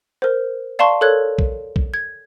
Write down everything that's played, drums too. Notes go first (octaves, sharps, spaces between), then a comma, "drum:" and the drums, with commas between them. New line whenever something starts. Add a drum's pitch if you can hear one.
A#4 C5
D5 F5 A5 C6 C#6
A4 A#4 C#5 F#6 G#6
drum: kick
drum: kick
G#6